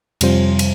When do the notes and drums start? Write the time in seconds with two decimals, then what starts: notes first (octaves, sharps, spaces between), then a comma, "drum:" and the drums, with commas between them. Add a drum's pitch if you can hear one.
0.21 F2 C3 G3 F4 C5, drum: cymbal
0.59 drum: cymbal